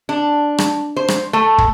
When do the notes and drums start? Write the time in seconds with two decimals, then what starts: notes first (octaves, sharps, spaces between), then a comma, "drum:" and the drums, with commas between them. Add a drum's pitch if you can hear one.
0.09 D4
0.58 drum: rim click
0.97 C5
1.08 drum: rim click
1.33 A3
1.58 drum: kick